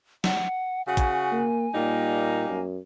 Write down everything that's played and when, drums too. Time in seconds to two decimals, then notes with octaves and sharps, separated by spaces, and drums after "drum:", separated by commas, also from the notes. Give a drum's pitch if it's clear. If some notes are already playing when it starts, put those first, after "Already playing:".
0.24 F#5, drum: snare
0.87 C#3 F#4 G#5
0.97 drum: kick A1, hi-hat
1.32 A#3
1.74 A#2 G3 A#3 D#4
2.49 F#2